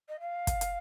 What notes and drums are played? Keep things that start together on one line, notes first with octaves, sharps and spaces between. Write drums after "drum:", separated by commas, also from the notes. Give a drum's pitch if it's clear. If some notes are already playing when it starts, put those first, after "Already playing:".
D#5
F5
drum: kick, hi-hat
drum: hi-hat